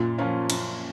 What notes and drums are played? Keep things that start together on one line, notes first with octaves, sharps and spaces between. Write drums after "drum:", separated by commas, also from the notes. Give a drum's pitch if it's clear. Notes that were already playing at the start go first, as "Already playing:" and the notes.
Already playing: F#2 A#2
F3 A#3 C#4 F4
F#2, drum: cymbal